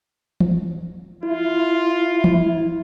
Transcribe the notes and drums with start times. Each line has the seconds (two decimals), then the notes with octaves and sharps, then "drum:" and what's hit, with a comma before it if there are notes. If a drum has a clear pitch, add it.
0.40 drum: tom E3
1.23 E4 F4
2.24 drum: tom E3